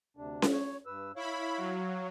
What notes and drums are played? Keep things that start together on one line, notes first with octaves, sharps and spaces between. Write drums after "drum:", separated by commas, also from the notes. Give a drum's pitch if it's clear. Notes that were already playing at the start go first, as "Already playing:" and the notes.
D2 C3 D4
drum: snare C#4
C#5
G2 B4 E6
E4 C#5 F5 B5
F#3